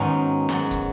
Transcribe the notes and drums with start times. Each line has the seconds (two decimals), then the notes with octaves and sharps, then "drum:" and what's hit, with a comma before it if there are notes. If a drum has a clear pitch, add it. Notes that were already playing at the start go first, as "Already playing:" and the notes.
Already playing: G#2 D#3 F#3 B3 C#4 D#4
0.49 G#2 F#3, drum: snare
0.71 drum: kick, hi-hat